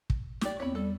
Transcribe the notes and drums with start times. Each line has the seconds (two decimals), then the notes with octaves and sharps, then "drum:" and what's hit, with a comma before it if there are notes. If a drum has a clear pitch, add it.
0.10 drum: kick
0.41 G4 D5, drum: snare
0.60 E2 B3 C4 C#5 B5
0.75 G3 A4